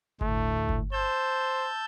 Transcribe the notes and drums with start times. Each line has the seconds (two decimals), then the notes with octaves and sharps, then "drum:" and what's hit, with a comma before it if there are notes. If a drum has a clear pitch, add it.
0.21 D2 A2 A3, drum: kick G1
0.69 drum: kick G1
0.92 C5 A5 E6 G6